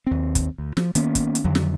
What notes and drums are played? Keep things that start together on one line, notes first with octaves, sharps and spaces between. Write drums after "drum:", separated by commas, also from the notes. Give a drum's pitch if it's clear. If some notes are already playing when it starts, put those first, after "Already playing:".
D#2 C4
drum: kick, hi-hat
D2
F3, drum: snare
D#3 A#3 B3 C#4, drum: hi-hat
drum: kick, hi-hat
drum: hi-hat
F2 D3 D#3 F#3
drum: snare